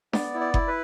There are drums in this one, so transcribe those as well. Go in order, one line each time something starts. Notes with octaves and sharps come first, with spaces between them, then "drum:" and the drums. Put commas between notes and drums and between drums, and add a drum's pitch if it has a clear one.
B3 D5, drum: snare D4
E4
D5
E4, drum: kick F#1
B4